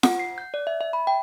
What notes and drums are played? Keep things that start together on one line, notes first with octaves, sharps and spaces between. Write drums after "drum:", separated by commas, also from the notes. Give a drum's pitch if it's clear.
F#5, drum: snare F4
C7
G6
D5
E5
E5
B5
G5